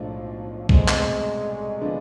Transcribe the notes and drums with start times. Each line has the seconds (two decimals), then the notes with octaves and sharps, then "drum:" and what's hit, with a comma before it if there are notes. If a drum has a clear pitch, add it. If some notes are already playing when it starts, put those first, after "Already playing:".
Already playing: B1 A2 F3 G#3 D4 A4
0.69 C2 B2 G#3 A3 C4, drum: kick
0.88 drum: clap
1.81 D3 F3 B3 D4